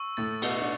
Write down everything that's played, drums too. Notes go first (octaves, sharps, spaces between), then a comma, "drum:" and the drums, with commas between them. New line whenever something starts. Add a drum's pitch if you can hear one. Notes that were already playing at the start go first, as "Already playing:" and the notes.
Already playing: C#6 E6
A2 A3 A6
B2 B3 E6, drum: cymbal
D4